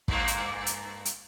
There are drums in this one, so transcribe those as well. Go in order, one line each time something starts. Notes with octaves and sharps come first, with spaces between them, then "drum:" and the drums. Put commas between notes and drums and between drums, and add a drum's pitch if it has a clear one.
G2 A#3, drum: kick
drum: hi-hat
drum: hi-hat
drum: hi-hat